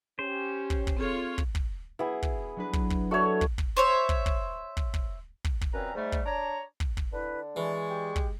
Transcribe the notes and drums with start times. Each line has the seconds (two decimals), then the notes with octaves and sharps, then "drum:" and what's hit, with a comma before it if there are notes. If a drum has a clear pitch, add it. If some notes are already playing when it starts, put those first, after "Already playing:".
0.19 C#4 G4 C5
0.70 drum: kick
0.87 drum: kick
0.97 C4 F4 G#4 A4 C#5
1.38 drum: kick
1.55 drum: kick
1.99 B3 E4 G#4
2.22 drum: kick
2.56 F#3 D4 B4
2.73 drum: kick
2.90 drum: kick
3.11 F#4 A4 C#5 D5 E5
3.41 drum: kick
3.58 drum: kick
3.77 C5 C#5 E5
4.09 drum: kick
4.26 drum: kick
4.77 drum: kick
4.94 drum: kick
5.44 drum: kick
5.61 drum: kick
5.74 F#2 A#2 C4 C#4 B4 A#5
5.95 G#2 G3 A3
6.12 drum: kick
6.26 D4 C#5 A#5
6.80 drum: kick
6.97 drum: kick
7.12 D3 E4 B4
7.56 E3 G#3 D5 G#5 C#6
7.90 G4
8.16 drum: kick